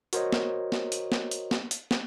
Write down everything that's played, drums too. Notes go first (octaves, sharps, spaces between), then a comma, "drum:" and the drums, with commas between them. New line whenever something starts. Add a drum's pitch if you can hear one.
F#4 A#4 C5 C#5 D#5, drum: hi-hat
drum: snare
drum: snare
drum: hi-hat
drum: snare
drum: hi-hat
drum: snare
drum: hi-hat
drum: snare